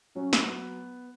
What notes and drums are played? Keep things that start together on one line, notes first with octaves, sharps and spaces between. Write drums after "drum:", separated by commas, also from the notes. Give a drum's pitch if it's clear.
F#3 C#4
drum: snare
B3